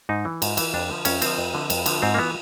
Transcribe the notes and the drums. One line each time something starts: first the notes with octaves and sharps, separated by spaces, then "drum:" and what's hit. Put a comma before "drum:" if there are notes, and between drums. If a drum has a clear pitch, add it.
G#2 D#4
E3
G#2, drum: cymbal
E3, drum: cymbal
F2 D4
D3 F3
F2 C#4, drum: cymbal
D3 F3 C4, drum: cymbal
F2
D3 F3
F2, drum: cymbal
D3 F3, drum: cymbal
G#2 C4
A#3
E3 B3